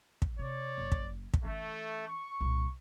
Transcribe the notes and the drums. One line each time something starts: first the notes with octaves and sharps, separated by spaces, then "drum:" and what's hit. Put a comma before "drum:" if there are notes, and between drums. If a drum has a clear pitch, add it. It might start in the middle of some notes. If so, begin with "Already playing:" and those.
drum: kick
C3 C#5 D5
F#1
drum: kick
drum: kick
E3 A3 C#4
C#6
C2 A#2